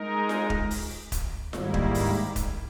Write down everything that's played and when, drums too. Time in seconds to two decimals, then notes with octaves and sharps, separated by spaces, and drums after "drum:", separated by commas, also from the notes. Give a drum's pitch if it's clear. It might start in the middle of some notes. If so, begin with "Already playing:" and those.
Already playing: G#3 D#4 A#4
0.29 drum: snare F4
0.50 drum: kick
0.71 drum: open hi-hat
1.12 drum: kick, hi-hat
1.53 G#2 D#3 G3 A#3 E4, drum: snare F4
1.74 drum: kick
1.94 drum: open hi-hat
2.36 drum: kick, hi-hat